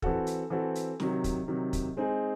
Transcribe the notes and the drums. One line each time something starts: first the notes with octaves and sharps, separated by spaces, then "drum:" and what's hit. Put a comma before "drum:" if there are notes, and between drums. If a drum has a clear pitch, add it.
E3 C4 F#4 A4, drum: kick
drum: hi-hat
E3 C4 F#4 A4
drum: hi-hat
C3 D#3 F#3, drum: snare
drum: kick, hi-hat
C3 D#3 F#3
drum: kick, hi-hat
G#3 C4 D#4 G#4